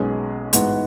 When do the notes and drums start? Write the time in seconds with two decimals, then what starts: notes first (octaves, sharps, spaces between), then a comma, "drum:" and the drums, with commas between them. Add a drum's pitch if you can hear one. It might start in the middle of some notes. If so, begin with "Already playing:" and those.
Already playing: B1 B2 G#3 C#4 G#4
0.53 A1 G#2 G#3 B3 F#4, drum: hi-hat